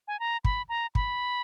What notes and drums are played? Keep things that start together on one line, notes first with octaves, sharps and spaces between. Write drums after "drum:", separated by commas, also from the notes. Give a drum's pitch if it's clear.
G#5
A#5
B5, drum: kick
A#5
B5, drum: kick